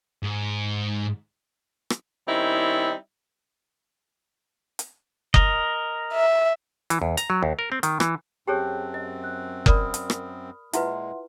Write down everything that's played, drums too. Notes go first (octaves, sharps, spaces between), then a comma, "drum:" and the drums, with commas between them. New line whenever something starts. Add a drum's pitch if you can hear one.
G#2
drum: rim click
D#3 G3 C4 C#4 D#4 E4
drum: hi-hat
A#4 D#5, drum: kick F#1
E5
E3, drum: hi-hat
E2
A#5, drum: hi-hat
F#3
D#2
A#4
C4
D#3, drum: hi-hat
E3, drum: rim click
F#2 C4 G4 G#4 C#5 G5 A5 F#6
D#5
F#6
A#4 D5 B5 D#6 F6, drum: kick F#1
drum: hi-hat
drum: rim click
A#2 G#3 E4 F4 B4 E5 F#5 C6, drum: hi-hat